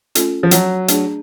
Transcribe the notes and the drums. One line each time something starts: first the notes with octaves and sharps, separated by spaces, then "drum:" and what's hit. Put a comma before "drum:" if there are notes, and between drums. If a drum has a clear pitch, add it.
A3 C#4 F4 A4, drum: hi-hat
F3
F#3, drum: hi-hat
A3 D4 G#4 D5, drum: hi-hat